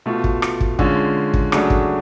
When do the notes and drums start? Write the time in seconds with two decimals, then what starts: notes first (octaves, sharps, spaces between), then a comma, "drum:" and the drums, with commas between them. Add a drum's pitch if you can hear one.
0.06 B2 A3 F4
0.24 drum: kick
0.42 drum: rim click
0.61 drum: kick
0.79 D3 G#3 C#4 F4, drum: kick
1.34 drum: kick
1.52 C#3 F#3 A3 D4 F#4, drum: rim click
1.70 drum: kick